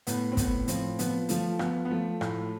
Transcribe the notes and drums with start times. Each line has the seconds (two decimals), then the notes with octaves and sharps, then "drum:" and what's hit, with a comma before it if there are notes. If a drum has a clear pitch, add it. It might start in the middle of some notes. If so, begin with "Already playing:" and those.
0.07 A2 B3, drum: hi-hat
0.32 C4
0.37 A2 B3, drum: kick, hi-hat
0.68 F3 C4, drum: hi-hat
0.99 F3 B3, drum: hi-hat
1.29 F3 A3, drum: hi-hat
1.59 F3 B3, drum: rim click
1.85 B3
1.90 F3 A3
2.21 A2, drum: rim click